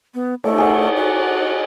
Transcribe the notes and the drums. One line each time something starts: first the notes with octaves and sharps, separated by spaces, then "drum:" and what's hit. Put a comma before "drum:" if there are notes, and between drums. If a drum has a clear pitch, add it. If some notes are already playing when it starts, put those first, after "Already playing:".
B3
A3, drum: cymbal
G#4 F#5, drum: cymbal
F#4